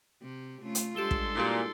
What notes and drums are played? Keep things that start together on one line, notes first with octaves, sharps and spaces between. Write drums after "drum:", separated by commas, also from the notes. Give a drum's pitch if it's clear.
C3 G4
A3 C#4 F4
drum: hi-hat
G2 G#3 G4 A4 C6 E7 G7
drum: kick
A#2 E4 F#4 G4